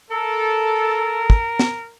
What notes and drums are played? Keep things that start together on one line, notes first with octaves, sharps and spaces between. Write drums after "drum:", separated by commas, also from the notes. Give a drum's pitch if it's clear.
A4 A#4
drum: kick
drum: snare